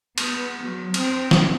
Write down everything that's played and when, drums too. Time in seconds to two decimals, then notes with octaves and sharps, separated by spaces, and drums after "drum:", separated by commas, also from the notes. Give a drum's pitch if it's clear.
0.18 B3, drum: cymbal
0.63 F#3
0.94 C4, drum: cymbal
1.31 drum: snare